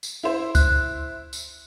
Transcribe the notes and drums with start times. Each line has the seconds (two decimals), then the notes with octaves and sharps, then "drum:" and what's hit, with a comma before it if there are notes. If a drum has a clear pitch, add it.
0.03 drum: tambourine
0.23 E4 C5
0.55 F#6, drum: kick C#2, tambourine
1.33 drum: tambourine